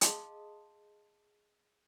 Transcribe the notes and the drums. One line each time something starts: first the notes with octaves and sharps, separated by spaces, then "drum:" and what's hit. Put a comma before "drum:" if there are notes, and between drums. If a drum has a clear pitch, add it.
G#4 D#5 F5 A5 C6 D#6, drum: hi-hat